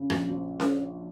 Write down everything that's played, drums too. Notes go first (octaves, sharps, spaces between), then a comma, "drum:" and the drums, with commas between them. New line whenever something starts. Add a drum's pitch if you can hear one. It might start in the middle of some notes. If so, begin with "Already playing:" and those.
Already playing: C#3
A#1, drum: rim click
F3
drum: snare C#4